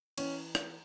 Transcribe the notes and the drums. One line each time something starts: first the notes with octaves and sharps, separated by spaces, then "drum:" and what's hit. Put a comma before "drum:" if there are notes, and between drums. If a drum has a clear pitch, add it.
E3 C#4, drum: cymbal
drum: rim click